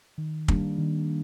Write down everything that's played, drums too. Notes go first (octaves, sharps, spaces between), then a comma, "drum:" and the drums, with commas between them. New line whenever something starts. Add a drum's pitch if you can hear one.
D#3
G3 A#3 D4, drum: kick
D#3